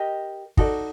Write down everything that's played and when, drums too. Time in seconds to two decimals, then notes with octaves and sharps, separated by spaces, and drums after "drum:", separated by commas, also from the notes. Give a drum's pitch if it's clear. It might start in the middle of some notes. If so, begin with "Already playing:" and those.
Already playing: G4 A#4 D#5
0.57 D#4 F#4 A4 D5, drum: kick